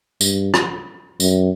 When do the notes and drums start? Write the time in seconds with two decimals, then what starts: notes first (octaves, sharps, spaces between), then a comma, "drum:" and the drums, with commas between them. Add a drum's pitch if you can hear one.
0.21 G2, drum: tambourine
0.54 drum: rim click
1.20 F#2, drum: tambourine